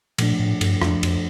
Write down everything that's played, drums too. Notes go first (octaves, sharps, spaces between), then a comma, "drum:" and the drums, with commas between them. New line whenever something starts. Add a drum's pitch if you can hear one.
A#2 F3 A3 D4, drum: cymbal
A2
G2, drum: cymbal
F2 F3 A3 D4, drum: rim click
F2, drum: cymbal